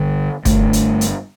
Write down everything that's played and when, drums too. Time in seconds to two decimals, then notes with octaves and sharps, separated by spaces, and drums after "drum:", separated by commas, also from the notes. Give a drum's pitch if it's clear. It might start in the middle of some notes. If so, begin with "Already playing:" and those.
Already playing: G1 G2 D3
0.45 G1 G2 D3 A3, drum: kick, hi-hat
0.73 drum: hi-hat
1.01 drum: hi-hat